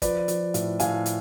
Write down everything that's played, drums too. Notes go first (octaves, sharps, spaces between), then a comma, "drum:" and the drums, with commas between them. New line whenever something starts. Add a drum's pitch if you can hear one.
F3 B4 D5, drum: kick, hi-hat
F3, drum: hi-hat
A2, drum: hi-hat
A2 F5 G#5, drum: hi-hat
drum: hi-hat